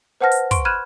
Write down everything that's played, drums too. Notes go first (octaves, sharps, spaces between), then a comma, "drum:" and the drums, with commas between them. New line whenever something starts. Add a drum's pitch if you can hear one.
B4 C5 F#5 A5 F6 A#6
drum: hi-hat
C6 C#6 D7, drum: kick, hi-hat
B5 F6 F#6 G#6 D#7 E7